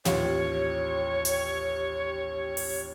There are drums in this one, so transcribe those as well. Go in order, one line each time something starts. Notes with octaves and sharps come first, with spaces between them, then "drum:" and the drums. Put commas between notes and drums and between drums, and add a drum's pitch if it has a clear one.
A1 D#2 F4 C#5, drum: snare
drum: hi-hat
drum: open hi-hat